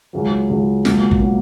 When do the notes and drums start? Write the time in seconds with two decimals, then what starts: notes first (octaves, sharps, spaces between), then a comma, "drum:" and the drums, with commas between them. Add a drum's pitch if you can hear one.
0.13 C#2 C#3 F#3
0.49 C#2 C#3 F#3
0.85 C#2 B2 F#3 A#3, drum: snare
1.11 drum: kick
1.21 B2 F#3 A#3